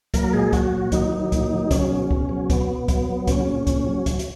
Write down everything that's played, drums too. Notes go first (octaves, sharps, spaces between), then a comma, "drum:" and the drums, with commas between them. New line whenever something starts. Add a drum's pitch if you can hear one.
F#3 A#3 A#4, drum: kick C#2, hi-hat
A#2 G#3 G#4
F#3 F#4, drum: kick C#2, hi-hat
A#2
D#3 F#3 D#4, drum: kick C#2, hi-hat
F#3
A#2, drum: kick C#2, hi-hat
F#3
C#3 F#3 C#4, drum: kick C#2, hi-hat
B2
B2, drum: kick C#2
F#3
B2 B3, drum: kick C#2, hi-hat
B2
F#3, drum: kick C#2, hi-hat
F#3
A#2 C#3 C#4, drum: kick C#2, hi-hat
A#2
A#2, drum: kick C#2, hi-hat
F#3
F#3, drum: kick C#2, hi-hat
drum: hi-hat